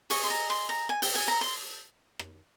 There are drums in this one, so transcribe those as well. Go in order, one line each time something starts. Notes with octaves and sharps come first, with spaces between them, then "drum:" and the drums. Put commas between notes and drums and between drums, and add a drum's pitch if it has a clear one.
G#4 D#5 C#6, drum: open hi-hat
C6
A#5
C6
A#5
G#5
G5, drum: open hi-hat
G#5
A#5
C6
drum: rim click